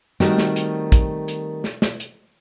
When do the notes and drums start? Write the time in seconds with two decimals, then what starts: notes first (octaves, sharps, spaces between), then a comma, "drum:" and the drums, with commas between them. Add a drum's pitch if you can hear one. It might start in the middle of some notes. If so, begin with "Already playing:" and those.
0.20 D#3 G3 A3 C4 F#4 A#4, drum: snare
0.38 drum: snare
0.56 drum: hi-hat
0.92 drum: kick, hi-hat
1.28 drum: hi-hat
1.64 drum: snare
1.82 drum: snare
2.00 drum: hi-hat